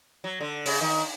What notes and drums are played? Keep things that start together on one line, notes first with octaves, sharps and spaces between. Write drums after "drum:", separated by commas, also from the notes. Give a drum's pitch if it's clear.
F#3
D3
C#3, drum: open hi-hat
D#3